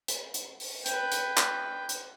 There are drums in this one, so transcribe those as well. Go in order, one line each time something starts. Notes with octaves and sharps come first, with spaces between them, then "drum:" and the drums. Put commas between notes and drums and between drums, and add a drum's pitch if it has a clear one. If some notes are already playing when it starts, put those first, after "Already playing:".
drum: hi-hat
drum: hi-hat
drum: open hi-hat
B4 G5, drum: hi-hat
drum: hi-hat
drum: clap
drum: hi-hat